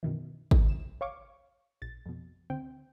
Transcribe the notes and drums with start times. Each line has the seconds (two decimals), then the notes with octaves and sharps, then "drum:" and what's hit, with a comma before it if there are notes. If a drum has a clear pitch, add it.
0.03 F#2 B2 D#3 E3
0.51 drum: kick G#1
0.69 E7
1.01 C#5 F5 C#6 D6
1.82 A#1 A6
2.06 F2 B2
2.50 D2 C4 G5